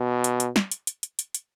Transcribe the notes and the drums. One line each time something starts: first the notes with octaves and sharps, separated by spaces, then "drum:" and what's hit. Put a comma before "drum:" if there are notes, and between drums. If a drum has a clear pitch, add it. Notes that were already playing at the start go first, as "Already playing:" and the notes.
Already playing: B2
drum: hi-hat
drum: hi-hat
drum: snare
drum: hi-hat
drum: hi-hat
drum: hi-hat
drum: hi-hat
drum: hi-hat